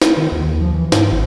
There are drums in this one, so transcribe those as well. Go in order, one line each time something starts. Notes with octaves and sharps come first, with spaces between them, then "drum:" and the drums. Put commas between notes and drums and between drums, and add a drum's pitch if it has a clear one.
drum: snare
D#3
D#2
F3
E3
G#2, drum: snare
G#1